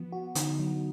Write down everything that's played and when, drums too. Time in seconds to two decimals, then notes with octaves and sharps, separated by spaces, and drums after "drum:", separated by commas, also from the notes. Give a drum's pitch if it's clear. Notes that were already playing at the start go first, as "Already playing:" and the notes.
Already playing: F3 B3
0.12 F#4
0.35 D3 D#4, drum: hi-hat
0.59 F#3